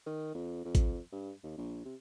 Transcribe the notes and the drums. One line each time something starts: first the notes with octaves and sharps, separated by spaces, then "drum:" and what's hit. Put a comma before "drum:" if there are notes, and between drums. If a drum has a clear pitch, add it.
D#3
F2
F2
drum: kick, hi-hat
G2
D#2
A#1
C3